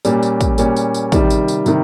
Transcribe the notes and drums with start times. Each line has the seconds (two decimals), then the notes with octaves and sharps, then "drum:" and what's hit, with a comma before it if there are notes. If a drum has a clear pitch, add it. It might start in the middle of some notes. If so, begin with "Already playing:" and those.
0.05 A#2 G3 C#4, drum: tambourine
0.23 drum: tambourine
0.41 drum: kick, tambourine
0.58 A#2 G3 C#4, drum: tambourine
0.76 drum: tambourine
0.94 drum: tambourine
1.12 C3 D#3 G3, drum: kick, tambourine
1.30 drum: tambourine
1.48 drum: tambourine
1.66 C3 D#3, drum: tambourine